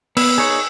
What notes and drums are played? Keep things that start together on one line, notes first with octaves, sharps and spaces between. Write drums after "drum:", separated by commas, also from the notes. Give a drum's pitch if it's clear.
B3 E6, drum: cymbal
D#4 G#4 C#5